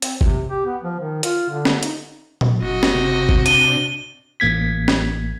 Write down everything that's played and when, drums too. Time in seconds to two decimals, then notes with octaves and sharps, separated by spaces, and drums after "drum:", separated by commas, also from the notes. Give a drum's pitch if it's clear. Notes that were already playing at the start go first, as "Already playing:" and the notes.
0.02 C4, drum: hi-hat
0.21 C3, drum: kick
0.49 G4
0.65 B3
0.83 F3
0.99 D#3
1.23 F4, drum: hi-hat
1.50 D3
1.65 drum: snare
1.83 D#4, drum: hi-hat
2.41 drum: tom A#2
2.62 F#1 F#4 D#5
2.83 drum: snare
2.95 C3
3.29 drum: kick
3.46 D4 D#7 G7, drum: hi-hat
4.40 A1 A#3 G#6 B6
4.88 drum: snare